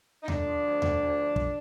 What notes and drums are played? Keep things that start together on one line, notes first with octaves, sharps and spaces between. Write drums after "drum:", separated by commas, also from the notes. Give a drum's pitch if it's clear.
D#4
D3 D4, drum: tom D#2
F3
D2
D3, drum: tom D#2
D2
F3
D3, drum: kick